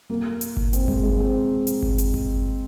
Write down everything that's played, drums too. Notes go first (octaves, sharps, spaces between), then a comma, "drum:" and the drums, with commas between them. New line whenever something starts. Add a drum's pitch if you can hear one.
A#3
drum: hi-hat
drum: kick G1
C4, drum: hi-hat
G#3, drum: kick G1
G#3
C4
drum: hi-hat
drum: kick G1
drum: hi-hat
drum: kick G1